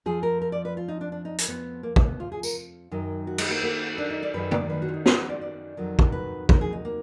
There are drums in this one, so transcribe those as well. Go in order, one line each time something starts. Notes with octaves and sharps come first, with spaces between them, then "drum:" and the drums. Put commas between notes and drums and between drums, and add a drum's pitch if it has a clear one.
F2 F3 G#4
A#4
A#4
D5
B4
F4
D#4
D4
D4
D#4
drum: hi-hat
F2 F3 B3
A#3
A#3, drum: kick
B3
F4
G#4
A#4, drum: tambourine
F#2 D#3 F#3
F#4
G#3, drum: cymbal
A#3
A#3
D4
D#4
D5
F#2 D#3 F#3 B4
D5, drum: tom D#3
B4
F#4
F4
D#4
F4, drum: snare
B4
D5
D5
F2 D#3 F#3
drum: kick
B4
A#4, drum: kick
G#4
D#4
A#3